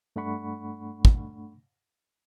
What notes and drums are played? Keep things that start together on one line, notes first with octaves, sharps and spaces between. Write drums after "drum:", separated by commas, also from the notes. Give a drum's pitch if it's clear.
G2 A3 D4 F#5 B5 C#6
drum: kick